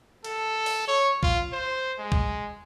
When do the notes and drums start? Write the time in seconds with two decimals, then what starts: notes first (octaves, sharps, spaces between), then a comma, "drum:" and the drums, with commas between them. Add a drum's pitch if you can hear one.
0.24 A4, drum: cymbal
0.66 drum: open hi-hat
0.88 C#5
1.23 F4, drum: kick
1.52 C5
1.98 G#3
2.12 drum: kick